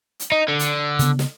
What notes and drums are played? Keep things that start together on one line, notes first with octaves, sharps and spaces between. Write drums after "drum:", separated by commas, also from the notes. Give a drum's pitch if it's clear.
drum: hi-hat
D#4
D3
drum: hi-hat
C#3 B3, drum: hi-hat
drum: snare